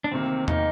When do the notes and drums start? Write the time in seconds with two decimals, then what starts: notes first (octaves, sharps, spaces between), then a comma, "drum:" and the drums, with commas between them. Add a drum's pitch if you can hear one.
0.04 D4
0.11 D2 C3 D#3 A#3 C4
0.48 C3 D#3 A#3 D#4, drum: tom E2